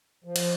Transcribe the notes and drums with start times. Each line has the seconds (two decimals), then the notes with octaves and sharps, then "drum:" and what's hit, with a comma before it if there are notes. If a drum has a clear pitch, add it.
0.24 F3
0.36 drum: cymbal